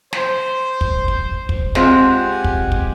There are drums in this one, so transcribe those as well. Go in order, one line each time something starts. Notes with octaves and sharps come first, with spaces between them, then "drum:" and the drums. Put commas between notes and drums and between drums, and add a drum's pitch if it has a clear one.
C5, drum: snare
drum: kick
drum: kick
drum: kick
G#3 C4 F4 G4 F#5 G#5, drum: snare
drum: kick
drum: kick